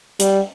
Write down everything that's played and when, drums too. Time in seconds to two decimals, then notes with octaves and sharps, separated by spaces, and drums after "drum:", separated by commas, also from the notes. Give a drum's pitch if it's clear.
0.20 G3, drum: hi-hat